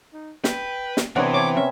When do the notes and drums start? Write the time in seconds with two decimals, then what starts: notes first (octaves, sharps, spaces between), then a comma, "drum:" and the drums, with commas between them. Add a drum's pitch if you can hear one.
0.13 D#4
0.44 B4 G5, drum: snare
0.97 drum: snare
1.16 C3 E3 B3 D4 C#5 F#5
1.34 C#5 A5 D6
1.57 C#4 E5